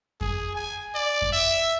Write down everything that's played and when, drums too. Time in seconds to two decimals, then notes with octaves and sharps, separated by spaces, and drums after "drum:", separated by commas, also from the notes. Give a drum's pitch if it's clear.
0.21 G#4, drum: kick F2
0.55 G#5
0.95 D5
1.22 drum: kick F2
1.32 E5